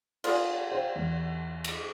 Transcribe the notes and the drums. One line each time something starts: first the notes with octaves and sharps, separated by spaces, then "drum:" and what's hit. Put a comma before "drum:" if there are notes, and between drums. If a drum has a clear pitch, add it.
F4 G#4, drum: cymbal
C5 F5 G5
E2
drum: cymbal